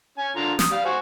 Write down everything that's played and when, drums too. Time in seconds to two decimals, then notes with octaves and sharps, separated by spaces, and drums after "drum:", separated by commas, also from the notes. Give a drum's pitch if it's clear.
0.18 C#4 G#5
0.36 D3 F4 A#5
0.59 D#6, drum: snare
0.71 G3 F5
0.85 F#4 C5 G#5